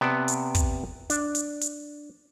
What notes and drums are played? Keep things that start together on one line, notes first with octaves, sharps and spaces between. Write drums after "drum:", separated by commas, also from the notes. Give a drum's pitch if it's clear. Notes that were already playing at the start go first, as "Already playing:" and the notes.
C3 B3 D5 F#5 A5
drum: hi-hat
drum: kick, hi-hat
D4, drum: hi-hat
drum: hi-hat
drum: hi-hat